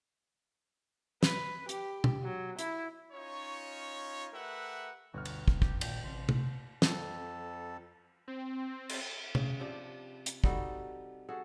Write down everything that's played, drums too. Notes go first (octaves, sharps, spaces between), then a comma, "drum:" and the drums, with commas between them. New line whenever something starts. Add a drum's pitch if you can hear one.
B4, drum: snare
G4, drum: hi-hat
drum: tom
F#3
E4, drum: hi-hat
C#4 D#4 F4 C#5
A3 G4 A#4 B4 E5 F#5
G1 D2 B2 D3 F#4 F6
drum: cymbal
drum: kick
G2 C#3 G4, drum: kick
E1 A#2 D#3 G5, drum: cymbal
A1 C3 C5
drum: tom
F2 A4, drum: snare
C4
drum: cymbal
C#3, drum: tom
C3 F3 D4
drum: hi-hat
G3 D#4 F#4 A4, drum: kick
F#4 G#4 A4